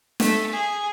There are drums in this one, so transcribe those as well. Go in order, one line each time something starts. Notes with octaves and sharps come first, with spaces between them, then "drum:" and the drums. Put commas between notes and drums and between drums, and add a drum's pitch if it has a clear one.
A3, drum: snare
G#4